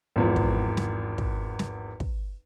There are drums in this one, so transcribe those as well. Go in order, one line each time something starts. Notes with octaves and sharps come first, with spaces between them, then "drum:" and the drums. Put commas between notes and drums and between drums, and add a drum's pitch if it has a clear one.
G#1 E2 F3
drum: kick
drum: snare
drum: kick
drum: snare
drum: kick